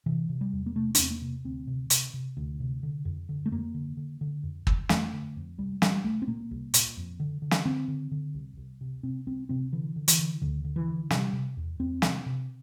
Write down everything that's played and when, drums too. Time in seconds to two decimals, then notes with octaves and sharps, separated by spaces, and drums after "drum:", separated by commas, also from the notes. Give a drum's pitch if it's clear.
0.06 C3 E3
0.29 C3
0.41 G3
0.53 E2
0.66 A#3
0.76 C3 A3
0.95 D4, drum: hi-hat
0.98 E2 C4
1.11 A#3
1.22 C3
1.45 D2 C4
1.67 C3
1.90 C3, drum: hi-hat
2.14 C3
2.37 D2
2.60 C3
2.83 D3
3.05 F2
3.29 D3
3.46 A3
3.52 F2 A#3
3.74 D3
3.97 D3
4.21 D3
4.43 F2
4.67 F2, drum: kick
4.89 F2 A3, drum: snare
5.13 D3
5.36 F2
5.58 C2 G3
5.82 A#2 G3, drum: snare
6.04 C2 A3
6.22 C4
6.27 A#2 A#3
6.51 C2
6.74 A#2, drum: hi-hat
6.97 F2
7.20 D3
7.42 D3
7.51 drum: snare
7.65 D3 C4
7.88 D3
8.11 D3
8.34 C2
8.57 C2
8.81 C3
9.03 C3 C4
9.27 C2 C4
9.49 C3 C4
9.73 D3 E3
9.96 D3
10.08 E3, drum: hi-hat
10.19 D3
10.42 D2 D3
10.64 D3
10.76 E3
10.88 D3
11.11 C3 G3, drum: snare
11.33 C3
11.57 E2
11.79 E2 C4
12.02 C3, drum: snare
12.26 C3